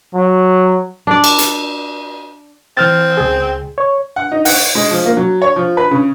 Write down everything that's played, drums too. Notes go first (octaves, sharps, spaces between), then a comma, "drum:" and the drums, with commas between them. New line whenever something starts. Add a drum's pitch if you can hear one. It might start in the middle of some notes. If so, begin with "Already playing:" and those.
F#3
D4 D5
drum: cymbal
drum: hi-hat
E3 C4 F6 A6
C#2 G#4
C#5
F#5
D#4
F#5, drum: open hi-hat
G#3
F3
A#3
F#3
C#5
F3
B4
C#3